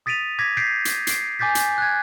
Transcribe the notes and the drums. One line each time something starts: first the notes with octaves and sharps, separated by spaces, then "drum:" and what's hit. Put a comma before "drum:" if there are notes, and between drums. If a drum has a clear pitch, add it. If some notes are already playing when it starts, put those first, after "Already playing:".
D#6 A6 B6 D7 D#7 F7
D6 G#6 A#6 B6
G6 A6 B6 C7 D7
drum: hi-hat
C7 D7, drum: hi-hat
G#5 D6 G6 A6 B6
drum: hi-hat
F#6 G#6